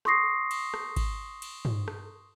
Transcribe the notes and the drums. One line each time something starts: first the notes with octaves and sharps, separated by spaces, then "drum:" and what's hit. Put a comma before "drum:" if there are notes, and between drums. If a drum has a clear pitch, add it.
C6 C#6 D#6 A#6 C7, drum: rim click
drum: cymbal
drum: rim click
drum: kick G#1, cymbal
drum: cymbal
drum: tom
drum: rim click